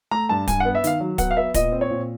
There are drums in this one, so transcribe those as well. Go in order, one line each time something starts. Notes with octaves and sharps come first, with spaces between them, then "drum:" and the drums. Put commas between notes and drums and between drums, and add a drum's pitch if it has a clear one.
A3 A#5
G2 A5
G2 G#5, drum: kick, hi-hat
F#5
B3
E5
D#3 F5, drum: hi-hat
F#3
B3 F#5, drum: kick, hi-hat
F5
B3 E5
A#2 D#5, drum: kick, hi-hat
C4
C#5
A#2